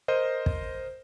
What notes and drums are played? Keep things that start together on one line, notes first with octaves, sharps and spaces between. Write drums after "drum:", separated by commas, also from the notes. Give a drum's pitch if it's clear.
A#4 C5 D#5
drum: kick